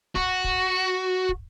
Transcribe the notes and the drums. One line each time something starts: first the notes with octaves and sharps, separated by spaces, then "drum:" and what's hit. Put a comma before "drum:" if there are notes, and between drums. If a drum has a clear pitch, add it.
F#4, drum: kick
drum: kick
drum: kick